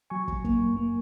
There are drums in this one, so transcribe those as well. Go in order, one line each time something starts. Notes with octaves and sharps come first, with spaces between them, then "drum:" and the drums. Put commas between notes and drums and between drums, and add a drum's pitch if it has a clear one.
F#3 G#5 C#6
F#3, drum: kick
A#3, drum: kick
F#2
A#3